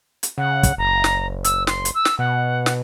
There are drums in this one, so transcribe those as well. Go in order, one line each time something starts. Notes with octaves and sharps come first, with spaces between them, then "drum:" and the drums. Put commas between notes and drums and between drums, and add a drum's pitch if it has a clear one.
drum: hi-hat
C#3 F#5
drum: kick, hi-hat
F#1 A#5
drum: snare
E6, drum: hi-hat
C6, drum: snare
drum: hi-hat
E6
drum: snare
B2 F#5
drum: snare